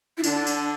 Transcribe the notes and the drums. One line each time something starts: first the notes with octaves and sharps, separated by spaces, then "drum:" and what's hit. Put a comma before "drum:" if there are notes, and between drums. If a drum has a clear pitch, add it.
E4
D3 D4, drum: tambourine
drum: tambourine